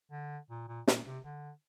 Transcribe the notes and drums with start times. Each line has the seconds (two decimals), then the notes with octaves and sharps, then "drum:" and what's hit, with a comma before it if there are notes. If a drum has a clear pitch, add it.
0.12 D3
0.50 A#2
0.68 A#2
0.88 A#2, drum: snare
1.06 C3
1.24 D3